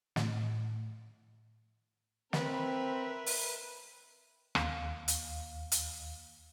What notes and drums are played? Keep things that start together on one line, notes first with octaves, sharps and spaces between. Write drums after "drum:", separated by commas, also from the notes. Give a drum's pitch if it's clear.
A2, drum: snare
C4 A#4 B4 E5, drum: snare
drum: open hi-hat
D#2 F5, drum: rim click
drum: hi-hat
drum: hi-hat